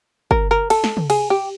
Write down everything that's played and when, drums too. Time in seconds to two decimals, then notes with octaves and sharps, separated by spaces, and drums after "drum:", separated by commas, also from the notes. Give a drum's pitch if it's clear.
0.31 A#4, drum: kick G1
0.51 A#4
0.70 A4, drum: cymbal
0.84 drum: snare
0.97 drum: tom
1.10 G#4, drum: cymbal
1.30 G4